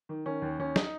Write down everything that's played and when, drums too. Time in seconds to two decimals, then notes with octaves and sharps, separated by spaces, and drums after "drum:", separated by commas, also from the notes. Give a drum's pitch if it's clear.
0.09 D#3
0.26 D#3 C#4
0.42 D#2
0.59 D#2 C#4
0.76 D#4, drum: snare